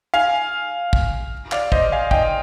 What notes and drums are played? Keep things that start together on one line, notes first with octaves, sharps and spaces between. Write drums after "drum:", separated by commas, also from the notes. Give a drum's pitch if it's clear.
F5 G#5
drum: kick
D5 F5, drum: clap
C5 D#5, drum: kick
F5 G#5
D#5 G5, drum: kick